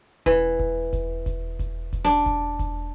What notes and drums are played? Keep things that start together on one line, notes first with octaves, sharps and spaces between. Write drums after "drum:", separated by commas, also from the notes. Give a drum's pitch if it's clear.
E3, drum: kick E1
drum: kick E1
drum: kick E1, hi-hat
drum: kick E1, hi-hat
drum: kick E1, hi-hat
drum: kick E1, hi-hat
D4
drum: kick E1, hi-hat
drum: kick E1, hi-hat